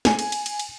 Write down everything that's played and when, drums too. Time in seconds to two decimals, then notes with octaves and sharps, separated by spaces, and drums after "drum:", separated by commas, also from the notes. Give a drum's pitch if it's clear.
0.05 G#5, drum: snare
0.19 drum: cymbal
0.32 drum: cymbal
0.46 drum: cymbal
0.59 drum: cymbal